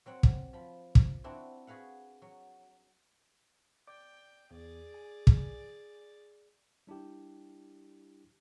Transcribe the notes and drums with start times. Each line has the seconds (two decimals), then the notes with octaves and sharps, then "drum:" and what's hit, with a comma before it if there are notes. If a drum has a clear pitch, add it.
0.06 F#3 C4 F#5
0.23 drum: kick
0.53 F3 B5
0.95 drum: kick
1.24 C4 D4 E4 F#4
1.67 F#4 G#4 B4 F5 F#5
2.22 F#3
3.87 D5 G5 D6
4.51 E2 G#4 D5
4.94 G#5
5.27 drum: kick
6.87 G3 D4 E4 G4